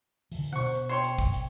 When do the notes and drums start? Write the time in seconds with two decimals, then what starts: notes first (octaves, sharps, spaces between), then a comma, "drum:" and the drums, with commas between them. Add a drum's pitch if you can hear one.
0.32 D3 E3, drum: open hi-hat
0.53 B2 B3 C5 F#5 C#6
0.75 drum: hi-hat
0.89 C5 C#5 G5 C6, drum: hi-hat
1.04 drum: hi-hat
1.19 drum: kick, hi-hat
1.33 drum: hi-hat